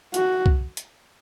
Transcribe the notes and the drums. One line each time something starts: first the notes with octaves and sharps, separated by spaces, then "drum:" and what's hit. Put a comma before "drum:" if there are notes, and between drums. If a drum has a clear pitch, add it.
F#4, drum: hi-hat
drum: kick
drum: hi-hat